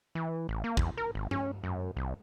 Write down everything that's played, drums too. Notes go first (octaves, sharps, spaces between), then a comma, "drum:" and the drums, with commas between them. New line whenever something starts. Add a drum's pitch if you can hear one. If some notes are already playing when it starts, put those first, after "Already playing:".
E3
A1
A#3
E2, drum: kick
A#4
G#1
C#4, drum: tom G2
F#2
C2